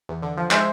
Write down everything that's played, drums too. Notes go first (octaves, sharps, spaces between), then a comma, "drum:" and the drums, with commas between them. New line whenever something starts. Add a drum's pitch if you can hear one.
E2
D3
F3
G#3 C5 E5, drum: clap